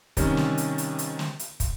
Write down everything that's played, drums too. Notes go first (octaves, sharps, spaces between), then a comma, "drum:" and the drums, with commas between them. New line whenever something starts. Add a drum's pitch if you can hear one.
C3 D#3 G3 C#4, drum: kick, hi-hat
drum: snare
drum: hi-hat
drum: hi-hat
drum: hi-hat
drum: snare
drum: hi-hat
drum: kick, hi-hat